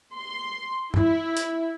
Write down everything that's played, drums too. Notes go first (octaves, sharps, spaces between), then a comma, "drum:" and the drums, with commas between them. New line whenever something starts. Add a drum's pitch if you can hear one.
C6
E4, drum: tom F#2
drum: hi-hat